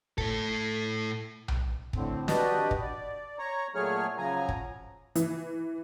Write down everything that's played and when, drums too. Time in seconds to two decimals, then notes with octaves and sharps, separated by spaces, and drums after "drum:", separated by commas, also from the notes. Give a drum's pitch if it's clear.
0.18 A2 A4, drum: kick
1.48 drum: tom B1
1.93 A2 D3 C4, drum: kick
2.28 D4 F#4 G4 B4 D5 D#5, drum: snare
2.71 drum: kick
2.81 D5
3.38 C#5 A#5
3.75 A#2 F#3 A3 G#4 C#5 F6
4.18 C#3 F3 F#3 G#5 A#5
4.49 drum: kick
5.15 E3, drum: hi-hat